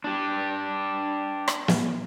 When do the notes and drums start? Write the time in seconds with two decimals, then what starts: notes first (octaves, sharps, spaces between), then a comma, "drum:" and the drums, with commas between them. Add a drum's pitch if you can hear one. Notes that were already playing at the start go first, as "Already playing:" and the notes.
0.04 D4 G4
1.48 drum: rim click
1.68 drum: snare